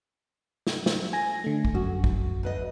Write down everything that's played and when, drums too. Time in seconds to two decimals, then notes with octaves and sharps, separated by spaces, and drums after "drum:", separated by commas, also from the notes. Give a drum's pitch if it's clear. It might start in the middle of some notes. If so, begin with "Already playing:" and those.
0.67 drum: snare
0.86 drum: snare
1.13 G#5 A#6
1.44 D3 A3
1.65 drum: kick
1.75 F#2 F#4
2.04 drum: kick
2.43 D2 B4 D#5